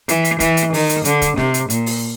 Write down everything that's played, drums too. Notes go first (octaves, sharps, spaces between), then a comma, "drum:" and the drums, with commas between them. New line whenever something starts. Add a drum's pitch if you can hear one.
E3, drum: hi-hat
drum: hi-hat
E3, drum: kick, hi-hat
drum: hi-hat
D#3, drum: open hi-hat
drum: hi-hat
D3, drum: hi-hat
drum: kick, hi-hat
C3, drum: snare
drum: hi-hat
A#2, drum: hi-hat
drum: open hi-hat